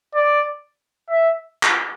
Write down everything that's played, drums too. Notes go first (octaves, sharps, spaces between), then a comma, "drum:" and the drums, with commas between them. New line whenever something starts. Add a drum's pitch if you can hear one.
D5
E5
drum: clap